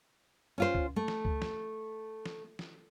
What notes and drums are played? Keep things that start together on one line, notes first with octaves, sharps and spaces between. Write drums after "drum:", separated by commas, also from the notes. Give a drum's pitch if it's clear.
C#4 F4 C5
drum: kick C#2
A3
drum: snare
drum: kick C#2
drum: snare
drum: snare
drum: snare